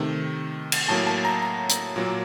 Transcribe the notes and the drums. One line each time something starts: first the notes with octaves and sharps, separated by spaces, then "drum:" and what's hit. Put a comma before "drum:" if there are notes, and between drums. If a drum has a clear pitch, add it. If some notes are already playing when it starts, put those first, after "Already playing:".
Already playing: C3 D#3 A3
drum: cymbal
A2 F#3 A#3 A5
A5
A#5
A#5
drum: hi-hat
A#2 F#3 A#3